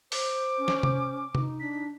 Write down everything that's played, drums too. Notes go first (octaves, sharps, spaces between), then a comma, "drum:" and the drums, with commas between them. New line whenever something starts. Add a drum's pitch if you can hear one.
C5 D6, drum: open hi-hat
C#4
drum: snare
drum: tom C3
D#4, drum: tom C3
D4 B6